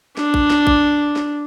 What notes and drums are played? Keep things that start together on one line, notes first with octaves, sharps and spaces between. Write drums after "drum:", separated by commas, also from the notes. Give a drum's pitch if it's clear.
D4, drum: snare
drum: kick A1
drum: snare
drum: kick A1
drum: snare